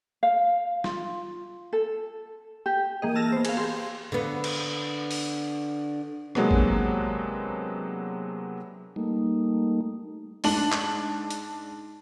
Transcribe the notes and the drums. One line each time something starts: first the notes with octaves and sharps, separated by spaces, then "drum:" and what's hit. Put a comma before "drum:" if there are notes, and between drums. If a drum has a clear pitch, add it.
F5
F4, drum: snare
A4
G4
E3 A#3 G#4 D#5
A5 E6 F6 A#6
B3 C5
G#4 F5, drum: cymbal
G4 G#4 C6
D3 B3
drum: cymbal
drum: open hi-hat
C3 F#3 G#3 A#3 B3 D4, drum: rim click
drum: kick
G3 A3 A#3 D#4
G#2 D4 F#7, drum: open hi-hat
drum: clap
drum: hi-hat